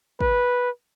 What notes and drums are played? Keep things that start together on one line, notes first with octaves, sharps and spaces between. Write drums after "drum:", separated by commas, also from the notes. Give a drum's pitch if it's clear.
B4, drum: kick